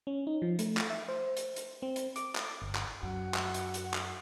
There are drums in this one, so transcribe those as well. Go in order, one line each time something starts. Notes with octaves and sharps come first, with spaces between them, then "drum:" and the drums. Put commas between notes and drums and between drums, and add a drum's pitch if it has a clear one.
C#4
D#4
F3
A3, drum: hi-hat
drum: clap
E5
C5
drum: hi-hat
drum: hi-hat
C4
drum: hi-hat
D6, drum: hi-hat
drum: clap
G1
drum: clap
F#2 F#4
drum: clap
drum: hi-hat
drum: hi-hat
drum: clap